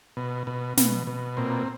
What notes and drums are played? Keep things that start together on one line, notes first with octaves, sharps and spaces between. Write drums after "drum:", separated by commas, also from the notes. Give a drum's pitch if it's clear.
B2
B2
B2, drum: snare
B2
A#2 C4